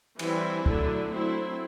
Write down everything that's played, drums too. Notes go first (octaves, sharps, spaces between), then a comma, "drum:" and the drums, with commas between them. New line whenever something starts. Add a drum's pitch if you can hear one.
E3 G3 C4 E4, drum: cymbal
D3 F#3 A3 D4, drum: kick
F#3 A3 C4 E4